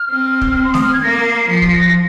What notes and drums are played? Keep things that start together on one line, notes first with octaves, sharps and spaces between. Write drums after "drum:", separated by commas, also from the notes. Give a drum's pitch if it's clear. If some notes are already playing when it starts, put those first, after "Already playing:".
Already playing: F6
C4
drum: kick
C6
D#6, drum: snare A3
F6
G#6
A#3 A#6
C7
F3 C7
C7, drum: kick
A#6